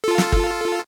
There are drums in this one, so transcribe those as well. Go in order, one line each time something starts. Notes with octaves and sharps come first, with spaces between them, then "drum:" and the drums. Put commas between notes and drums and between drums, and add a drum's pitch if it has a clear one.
F4 A4
drum: snare
drum: kick